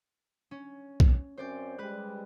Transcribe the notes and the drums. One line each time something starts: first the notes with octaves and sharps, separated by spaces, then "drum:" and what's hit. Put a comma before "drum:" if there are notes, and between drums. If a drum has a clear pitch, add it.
C#4
drum: kick
F#2 C4 C#4 C5 D5 G6
G3 G#3 B4 F#6